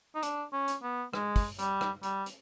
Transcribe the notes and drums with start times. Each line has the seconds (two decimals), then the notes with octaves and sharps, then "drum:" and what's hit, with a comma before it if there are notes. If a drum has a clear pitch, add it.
0.15 D#4
0.23 D4, drum: hi-hat
0.53 C#4
0.68 drum: hi-hat
0.83 B3
1.13 G#3, drum: rim click
1.36 drum: kick, open hi-hat
1.59 G3, drum: hi-hat
1.81 drum: rim click
2.03 G3, drum: hi-hat
2.26 drum: hi-hat